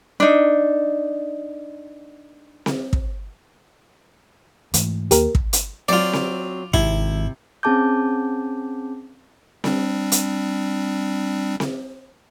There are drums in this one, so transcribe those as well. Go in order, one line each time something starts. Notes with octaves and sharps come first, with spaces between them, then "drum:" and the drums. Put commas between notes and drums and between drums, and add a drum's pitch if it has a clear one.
D4 D#4
drum: snare C4
drum: kick
G#2 E3 A3, drum: hi-hat
D#2 A#3 G4 A#4, drum: hi-hat
drum: kick
drum: hi-hat
F#3 C4 F4 D5
drum: snare C4
G#1 C3 E4, drum: kick
C4 C#4 G#4 A5 D6 G6
G3 C4 D4, drum: snare C4
drum: hi-hat
drum: snare C4